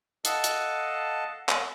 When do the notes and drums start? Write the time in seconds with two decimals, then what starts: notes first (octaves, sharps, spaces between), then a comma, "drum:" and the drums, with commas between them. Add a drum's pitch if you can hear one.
0.25 A4 D#5 F5 F#5 A5, drum: hi-hat
0.44 drum: hi-hat
1.49 drum: clap